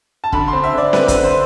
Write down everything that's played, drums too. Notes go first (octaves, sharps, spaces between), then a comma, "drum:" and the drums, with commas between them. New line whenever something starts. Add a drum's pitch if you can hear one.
A5
D3 B5, drum: kick
C6
C4
E5
D3 D5
C4 B4, drum: snare C4
B4, drum: kick, hi-hat
D3
C5